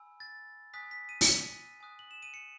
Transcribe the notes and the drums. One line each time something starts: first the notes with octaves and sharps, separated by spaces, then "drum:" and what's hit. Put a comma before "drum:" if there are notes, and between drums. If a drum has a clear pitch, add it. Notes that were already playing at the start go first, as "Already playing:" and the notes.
Already playing: G#5 B5 E6
A6
G#5 D#6 F#6 B6
B6
D#7
drum: open hi-hat
G#5 D#6 F#6
F#7
E7
D#7
C#7